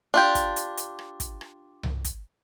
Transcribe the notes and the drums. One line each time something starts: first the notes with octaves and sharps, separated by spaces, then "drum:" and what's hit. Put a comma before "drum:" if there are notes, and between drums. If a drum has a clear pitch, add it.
D4 F4 G4
drum: kick, hi-hat
drum: hi-hat
drum: hi-hat
drum: rim click
drum: kick, hi-hat
drum: rim click
drum: tom C2
drum: kick, hi-hat